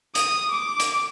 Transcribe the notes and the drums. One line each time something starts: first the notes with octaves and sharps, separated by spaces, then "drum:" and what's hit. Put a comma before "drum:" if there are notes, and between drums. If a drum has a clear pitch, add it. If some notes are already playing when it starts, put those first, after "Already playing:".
D#6, drum: hi-hat
D6
drum: hi-hat